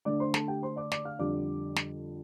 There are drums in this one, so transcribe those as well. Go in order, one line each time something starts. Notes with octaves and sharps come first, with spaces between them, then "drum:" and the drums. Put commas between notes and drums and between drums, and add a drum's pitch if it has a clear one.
D3 A3 D4 D5 D6
C5 C6
A4 A5, drum: snare
G4 G5
C5 C6
D5 D6
D5 D6, drum: snare
F5 F6
F2 D3 G3 D4 D5 D6
drum: snare